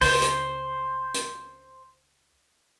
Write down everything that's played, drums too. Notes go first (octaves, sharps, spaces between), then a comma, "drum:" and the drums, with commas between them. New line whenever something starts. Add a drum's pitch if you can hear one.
C#2 C5, drum: open hi-hat
drum: hi-hat
drum: hi-hat